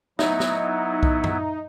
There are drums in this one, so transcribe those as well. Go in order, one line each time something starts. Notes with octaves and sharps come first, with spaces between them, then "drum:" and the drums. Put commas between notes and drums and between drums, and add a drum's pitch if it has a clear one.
F#3 B3 D#4 E4 E5, drum: snare
drum: snare
drum: kick B1
drum: tom F#2